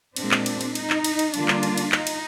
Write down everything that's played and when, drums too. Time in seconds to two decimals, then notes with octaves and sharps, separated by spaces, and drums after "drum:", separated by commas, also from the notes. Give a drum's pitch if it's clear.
0.16 A#2 G#3 C4 D4, drum: cymbal
0.31 drum: clap
0.46 drum: cymbal
0.61 drum: cymbal
0.75 D#4, drum: cymbal
0.90 drum: clap
1.04 drum: cymbal
1.19 drum: cymbal
1.34 D3 G3 A#3 D4 F4, drum: cymbal
1.48 drum: clap
1.63 drum: cymbal
1.77 drum: cymbal
1.92 D#4, drum: clap
2.07 drum: cymbal